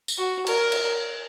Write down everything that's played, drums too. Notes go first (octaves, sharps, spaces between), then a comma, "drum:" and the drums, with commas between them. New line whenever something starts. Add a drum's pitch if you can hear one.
drum: tambourine
F#4
A#4, drum: cymbal
drum: cymbal